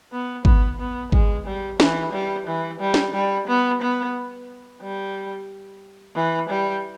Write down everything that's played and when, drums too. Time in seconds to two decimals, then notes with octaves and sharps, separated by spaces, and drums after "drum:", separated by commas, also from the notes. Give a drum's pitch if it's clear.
0.12 B3
0.45 B3, drum: kick G#1
0.80 B3
1.12 G#3, drum: kick G#1
1.46 G3
1.80 E3, drum: snare
2.13 G3
2.47 E3
2.80 G3
2.94 drum: snare
3.13 G3
3.48 B3
3.81 B3
4.82 G3
6.16 E3
6.49 G3